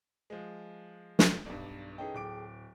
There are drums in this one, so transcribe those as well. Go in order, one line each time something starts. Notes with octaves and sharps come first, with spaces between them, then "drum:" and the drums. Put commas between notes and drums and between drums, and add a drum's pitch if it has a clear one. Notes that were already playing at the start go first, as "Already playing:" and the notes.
F3 G#3
drum: snare
B1 G2 D5
E3 C#4 D#4 G#4 A4 G5
D1 D6 D7